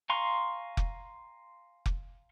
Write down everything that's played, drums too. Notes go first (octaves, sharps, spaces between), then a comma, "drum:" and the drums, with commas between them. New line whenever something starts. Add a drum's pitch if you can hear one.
F5 G#5 A#5 C6 C#6
drum: kick F1
drum: kick F1